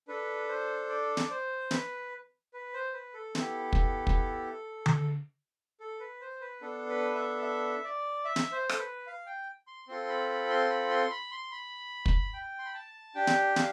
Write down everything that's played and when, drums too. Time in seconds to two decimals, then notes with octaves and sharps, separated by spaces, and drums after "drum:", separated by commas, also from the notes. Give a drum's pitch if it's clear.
0.08 D4 A4 B4
0.49 C5
0.89 D5
1.17 drum: snare
1.30 C5
1.71 B4, drum: snare
2.53 B4
2.74 C5
2.93 B4
3.14 A4
3.35 B3 E4 G4, drum: snare
3.73 drum: kick
4.07 drum: kick
4.86 drum: tom D3
5.80 A4
6.00 B4
6.21 C5
6.41 B4
6.61 B3 D4 A4
6.89 B4
7.15 E5
7.42 E5
7.84 D5
8.25 E5
8.36 drum: snare
8.52 C5
8.69 A4, drum: rim click
8.79 B4
9.07 F5
9.26 G5
9.67 C6
9.88 C4 F4 A4 C6
10.09 B5
10.29 B5
10.50 C6
10.70 B5
10.90 C6
11.10 B5
11.32 C6
11.51 B5
12.06 drum: kick
12.33 G5
12.59 C6
12.66 B5
12.74 A5
13.15 D4 G4 G5
13.27 drum: snare
13.56 F5, drum: snare